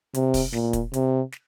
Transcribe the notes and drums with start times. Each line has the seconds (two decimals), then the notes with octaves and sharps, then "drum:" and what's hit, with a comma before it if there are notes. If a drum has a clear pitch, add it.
0.14 C3, drum: hi-hat
0.34 drum: kick, open hi-hat
0.53 A#2, drum: snare
0.73 drum: kick, hi-hat
0.94 C3, drum: hi-hat
1.32 drum: snare